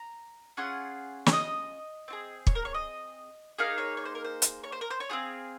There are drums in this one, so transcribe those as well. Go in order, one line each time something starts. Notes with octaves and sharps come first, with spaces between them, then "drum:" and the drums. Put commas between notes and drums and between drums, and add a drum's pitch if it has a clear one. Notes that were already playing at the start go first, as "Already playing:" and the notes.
Already playing: A#5
C#4 F4 G#4 F#5
C#5, drum: snare
D#5
C4 F4 G#4
C#5, drum: kick
A#4
C#5
D#5
A#3 D#4 G#4 F5
C#5
C#5
C5
A#4
C5
drum: hi-hat
C#5
C5
A#4
C5
C#5
C4 F4 G#4 F5